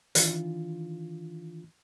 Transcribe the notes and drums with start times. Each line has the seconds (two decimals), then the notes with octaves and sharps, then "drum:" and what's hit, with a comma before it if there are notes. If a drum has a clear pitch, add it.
0.15 D#3 E3 D4 F4, drum: hi-hat